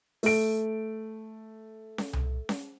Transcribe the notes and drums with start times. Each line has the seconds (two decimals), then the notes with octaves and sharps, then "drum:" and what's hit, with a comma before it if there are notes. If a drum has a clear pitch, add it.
0.23 A3 D7, drum: open hi-hat
1.98 drum: snare C#4
2.13 drum: tom C2
2.49 drum: snare C#4